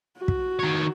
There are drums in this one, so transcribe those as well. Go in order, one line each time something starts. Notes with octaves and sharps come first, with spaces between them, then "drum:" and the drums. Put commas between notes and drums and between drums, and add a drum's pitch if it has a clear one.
F#4
drum: kick
D#3 C#5